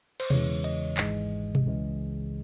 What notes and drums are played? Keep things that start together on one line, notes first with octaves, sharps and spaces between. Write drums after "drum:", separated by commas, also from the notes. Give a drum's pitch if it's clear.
C5, drum: cymbal
E2 C#3 E3 G#3 C#5, drum: tom B2
D#5, drum: hi-hat
G#1 G#2 E3 G#3, drum: clap
drum: tom B2
C#2 C#3 E3 G#3